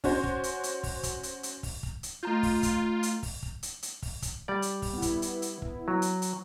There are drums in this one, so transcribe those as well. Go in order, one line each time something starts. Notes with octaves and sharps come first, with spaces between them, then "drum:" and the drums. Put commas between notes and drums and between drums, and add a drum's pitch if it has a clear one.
C#4 F#4 C5 C#5, drum: kick, open hi-hat
drum: kick
drum: hi-hat
drum: hi-hat
drum: kick, open hi-hat
drum: kick, hi-hat
drum: hi-hat
drum: hi-hat
drum: kick, open hi-hat
drum: kick
drum: hi-hat
A3 F4 A#5 G6
drum: kick, open hi-hat
drum: kick, hi-hat
drum: hi-hat
drum: kick, open hi-hat
drum: kick
drum: hi-hat
drum: hi-hat
drum: kick, open hi-hat
drum: kick, hi-hat
G3 D5
drum: hi-hat
drum: kick, open hi-hat
B3 E4
drum: kick, hi-hat
drum: hi-hat
drum: hi-hat
drum: kick
F#3
drum: hi-hat
drum: hi-hat